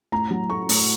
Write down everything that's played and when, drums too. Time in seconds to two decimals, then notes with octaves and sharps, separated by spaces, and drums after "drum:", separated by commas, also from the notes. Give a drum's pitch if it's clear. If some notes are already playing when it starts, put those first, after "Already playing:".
0.12 A2 A#5
0.31 F#3
0.50 A3 C#6
0.69 A2, drum: open hi-hat